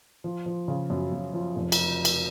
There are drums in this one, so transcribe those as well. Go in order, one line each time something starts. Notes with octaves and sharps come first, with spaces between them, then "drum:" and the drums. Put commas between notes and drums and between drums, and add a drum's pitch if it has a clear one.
F3
F3
C#3
F#2
F#2
F3
F1
drum: cymbal
drum: cymbal